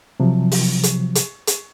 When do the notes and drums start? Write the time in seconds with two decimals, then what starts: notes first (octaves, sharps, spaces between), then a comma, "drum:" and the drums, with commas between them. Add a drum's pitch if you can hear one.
0.20 C3 F3 F#3
0.52 drum: open hi-hat
0.83 drum: hi-hat
1.15 drum: hi-hat
1.47 drum: hi-hat